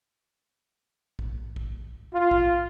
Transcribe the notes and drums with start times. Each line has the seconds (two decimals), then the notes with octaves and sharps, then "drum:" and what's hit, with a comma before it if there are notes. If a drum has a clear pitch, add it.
1.19 drum: kick
1.56 drum: kick
2.13 F4
2.31 drum: kick